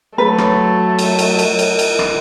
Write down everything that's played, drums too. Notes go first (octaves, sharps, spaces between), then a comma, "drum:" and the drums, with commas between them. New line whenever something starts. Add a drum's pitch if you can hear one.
F#3 A3 B4
drum: rim click
drum: cymbal
drum: cymbal
drum: cymbal
drum: cymbal
drum: cymbal
drum: rim click